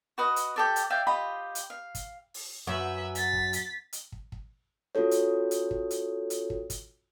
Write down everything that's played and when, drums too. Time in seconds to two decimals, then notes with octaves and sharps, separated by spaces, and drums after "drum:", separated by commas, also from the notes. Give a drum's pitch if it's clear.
0.18 F#4 B4 D#5
0.36 drum: hi-hat
0.56 G4 A4 D5
0.76 drum: hi-hat
0.90 D5 E5 F5 G5
1.07 F4 G4 D#5 B5
1.55 drum: hi-hat
1.70 F5
1.95 drum: kick, hi-hat
2.34 drum: open hi-hat
2.67 F#2 B4 E5
3.15 A6 B6, drum: hi-hat
3.33 drum: kick
3.53 drum: hi-hat
3.93 drum: hi-hat
4.12 drum: kick
4.32 drum: kick
4.95 C#4 F4 F#4 A4 C#5
5.11 drum: hi-hat
5.51 drum: hi-hat
5.71 drum: kick
5.91 drum: hi-hat
6.30 drum: hi-hat
6.50 drum: kick
6.70 drum: kick, hi-hat